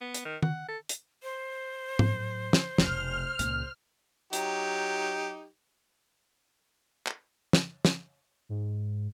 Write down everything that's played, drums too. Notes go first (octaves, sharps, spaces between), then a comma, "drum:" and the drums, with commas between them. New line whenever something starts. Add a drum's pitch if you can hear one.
B3
drum: hi-hat
D#3
F#5, drum: tom D#3
A4
drum: hi-hat
C5
A2 F#3, drum: tom G#2
drum: snare
F1 B1 F6, drum: snare
C#2 A#2, drum: hi-hat
F#3 D#4 G4, drum: hi-hat
drum: clap
drum: snare
drum: snare
G#2